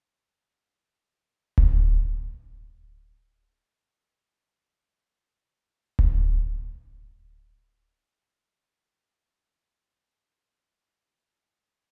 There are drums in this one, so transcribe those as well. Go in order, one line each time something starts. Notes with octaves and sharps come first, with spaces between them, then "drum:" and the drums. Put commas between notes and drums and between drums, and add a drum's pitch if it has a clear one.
D#4 A4 B4
drum: kick D1
G#4
G#4
A5
C5
D3 D5 D#5 F5
drum: kick D1
F#5
G4
D4 A4
B1 G2 A#2
A#2
G#3 B3 D4
C#4 D#4 E4 A#4
A3 D#4 A4 F5